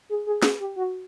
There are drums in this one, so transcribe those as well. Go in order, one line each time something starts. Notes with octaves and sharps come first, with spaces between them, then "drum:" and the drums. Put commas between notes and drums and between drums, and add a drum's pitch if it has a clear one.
G#4
G#4
G#4, drum: snare
G4
F#4